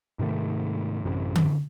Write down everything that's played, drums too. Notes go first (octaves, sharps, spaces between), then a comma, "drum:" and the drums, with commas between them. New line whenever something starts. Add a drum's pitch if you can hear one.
G#2 C3 D#3 A3
A1 F#2 C3
drum: tom D3